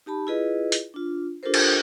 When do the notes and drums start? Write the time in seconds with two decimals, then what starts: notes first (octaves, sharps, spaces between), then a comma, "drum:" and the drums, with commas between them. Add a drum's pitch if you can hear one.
0.06 D#4 G4 A5 B5
0.27 E4 F4 G#4 B4 D#5
0.72 drum: hi-hat
0.94 D4 F4
1.43 D4 F4 G4 A4 A#4 C5
1.54 drum: cymbal